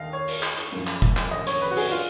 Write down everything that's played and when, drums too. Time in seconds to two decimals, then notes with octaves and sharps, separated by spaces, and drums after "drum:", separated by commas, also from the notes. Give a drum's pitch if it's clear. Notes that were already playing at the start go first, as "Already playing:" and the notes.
Already playing: D#2 D#3 D#5 F5
0.13 C#5
0.28 drum: open hi-hat
0.43 drum: clap
0.58 drum: hi-hat
0.72 F#2 F3
0.87 drum: clap
1.02 drum: kick F1
1.17 drum: clap
1.31 D#5
1.47 C#5, drum: hi-hat
1.61 B4
1.71 F#4
1.77 G#4, drum: open hi-hat
1.91 F4